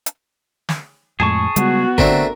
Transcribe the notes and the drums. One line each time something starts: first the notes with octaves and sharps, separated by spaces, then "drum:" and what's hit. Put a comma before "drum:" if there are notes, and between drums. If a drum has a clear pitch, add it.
drum: hi-hat
drum: snare
F2 A2 G#3 G#4 A5 C#6
C#3 G3 G#3 B3 F#4, drum: hi-hat
D3 A3 C4 D4 A#4, drum: kick G#1